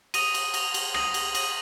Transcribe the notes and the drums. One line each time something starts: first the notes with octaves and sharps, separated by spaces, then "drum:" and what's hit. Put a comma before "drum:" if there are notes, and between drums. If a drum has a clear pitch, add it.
D#6 A#6 D#7 F7, drum: cymbal
drum: cymbal
D#6 A#6 F7, drum: cymbal
drum: cymbal
D#6 A#6 D#7 F#7, drum: rim click
drum: cymbal
D#6 A#6 D#7 F#7, drum: cymbal